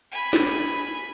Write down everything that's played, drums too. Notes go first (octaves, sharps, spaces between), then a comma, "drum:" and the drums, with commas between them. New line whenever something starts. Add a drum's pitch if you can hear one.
G#5 B5
drum: snare